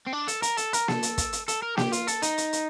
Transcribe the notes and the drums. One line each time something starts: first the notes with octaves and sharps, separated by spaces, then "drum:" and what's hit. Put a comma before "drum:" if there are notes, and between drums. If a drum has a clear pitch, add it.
C4
D4
A4, drum: hi-hat
A#4, drum: hi-hat
A4, drum: hi-hat
A#4, drum: hi-hat
A4, drum: snare A#3
drum: hi-hat
drum: kick, hi-hat
drum: hi-hat
A4, drum: hi-hat
A#4
G4, drum: snare A#3
F4, drum: hi-hat
A4, drum: hi-hat
D#4, drum: hi-hat
drum: hi-hat
drum: hi-hat